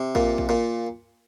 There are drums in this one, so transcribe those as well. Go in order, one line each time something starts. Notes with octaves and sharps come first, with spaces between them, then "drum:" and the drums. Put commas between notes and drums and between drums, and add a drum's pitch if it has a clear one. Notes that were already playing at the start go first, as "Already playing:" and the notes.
Already playing: C3
A#2, drum: kick
drum: kick
A#2